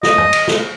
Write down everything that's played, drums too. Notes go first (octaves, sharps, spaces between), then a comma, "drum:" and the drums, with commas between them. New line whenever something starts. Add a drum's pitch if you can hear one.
D#5, drum: snare
drum: tom
drum: cymbal
drum: snare